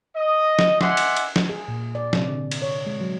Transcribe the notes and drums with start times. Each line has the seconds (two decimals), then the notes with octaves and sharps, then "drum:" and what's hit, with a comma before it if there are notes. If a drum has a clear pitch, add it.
0.16 D#5
0.59 drum: snare
0.81 D#5 E5 F#5 G#5 C6 D6, drum: snare
0.97 drum: cymbal
1.16 drum: cymbal
1.36 drum: snare
1.49 G#4
1.68 A#2
1.95 D5
2.13 C3, drum: snare
2.27 D3
2.51 drum: cymbal
2.62 C#5
2.86 G#3
3.01 F#3